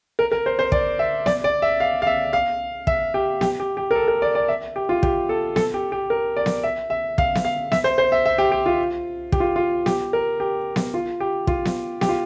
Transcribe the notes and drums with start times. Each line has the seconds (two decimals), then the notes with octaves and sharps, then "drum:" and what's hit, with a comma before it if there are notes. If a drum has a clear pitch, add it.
0.19 A#4
0.32 A#4
0.46 C5
0.59 C5
0.72 D5, drum: kick
0.99 E5
1.26 D5, drum: snare B3
1.44 D5
1.62 E5
1.80 F5
2.02 F5
2.07 E5
2.33 F5
2.87 E5, drum: kick
3.14 G4
3.41 G4, drum: snare B3
3.60 G4
3.77 G4
3.91 A#4
3.95 A4
4.08 A#4
4.22 D5
4.35 D5
4.48 E5
4.76 G4
4.89 F4
5.03 G4, drum: kick
5.29 A4
5.56 A4, drum: snare B3
5.74 G4
5.92 G4
6.10 A#4
6.37 D5
6.46 drum: snare B3
6.64 E5
6.90 E5
7.18 F5, drum: kick
7.35 drum: snare B3
7.45 F5
7.72 E5, drum: snare B3
7.84 C5
7.98 C5
8.12 E5
8.26 E5
8.38 G4
8.52 G4
8.66 F4
9.32 G4, drum: kick
9.40 F4
9.56 F4
9.86 G4, drum: snare B3
10.13 A#4
10.40 G4
10.76 drum: snare B3
10.94 F4
11.20 G4
11.47 F4, drum: kick
11.65 drum: snare B3
12.01 G4, drum: snare B3
12.09 F4